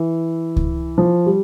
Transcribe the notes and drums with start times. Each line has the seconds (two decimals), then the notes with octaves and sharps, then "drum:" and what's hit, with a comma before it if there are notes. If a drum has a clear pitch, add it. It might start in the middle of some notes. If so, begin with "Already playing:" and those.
Already playing: E3
0.56 drum: kick C#2
0.98 F3
1.26 G3